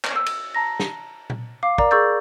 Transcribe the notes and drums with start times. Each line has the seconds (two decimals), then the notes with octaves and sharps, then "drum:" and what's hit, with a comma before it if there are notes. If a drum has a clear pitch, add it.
0.04 drum: clap
0.16 E6
0.26 drum: cymbal
0.55 A5 A#5 A#6
0.80 drum: snare
1.30 drum: tom A#2
1.63 F5 D6 C7
1.78 A#4 D5 A#5 D6, drum: kick
1.91 G#4 A#4 C#6 E6 G6 A6